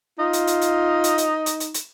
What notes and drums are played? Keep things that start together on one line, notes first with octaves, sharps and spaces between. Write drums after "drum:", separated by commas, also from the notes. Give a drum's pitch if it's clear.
D#4 F4
drum: hi-hat
drum: hi-hat
drum: hi-hat
drum: hi-hat
drum: hi-hat
drum: hi-hat
drum: hi-hat
drum: hi-hat